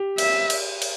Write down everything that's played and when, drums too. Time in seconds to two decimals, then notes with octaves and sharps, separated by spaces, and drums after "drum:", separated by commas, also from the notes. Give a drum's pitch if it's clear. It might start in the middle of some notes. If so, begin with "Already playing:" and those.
Already playing: G4
0.18 E5, drum: cymbal
0.50 drum: cymbal
0.82 drum: cymbal